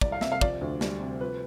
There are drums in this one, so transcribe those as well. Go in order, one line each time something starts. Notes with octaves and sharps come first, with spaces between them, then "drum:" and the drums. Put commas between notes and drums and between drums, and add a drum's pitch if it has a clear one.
C2 D5, drum: kick
F5
C3 E5, drum: snare
F5
F3 D5, drum: kick
D2
G3, drum: snare
C3
F3 B4